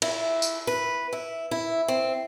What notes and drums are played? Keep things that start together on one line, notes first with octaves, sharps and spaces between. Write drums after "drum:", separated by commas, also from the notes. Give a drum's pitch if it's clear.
E4, drum: cymbal
drum: tambourine
B4
E4
E4
C4